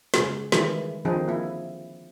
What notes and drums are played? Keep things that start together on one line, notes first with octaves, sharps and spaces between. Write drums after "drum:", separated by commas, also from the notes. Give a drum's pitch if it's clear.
C#3 G#3, drum: snare
D#3 E3 G3 G#3 E4, drum: snare
D3 D#3 F3 C4 D#4 G#4
A#3 E4